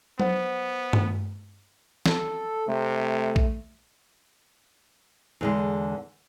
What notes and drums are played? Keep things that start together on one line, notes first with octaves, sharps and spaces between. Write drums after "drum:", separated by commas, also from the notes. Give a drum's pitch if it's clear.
B3 C5 F#5, drum: tom F#3
drum: tom G2
A4, drum: snare
C3 A3
drum: kick
E2 D3 G#3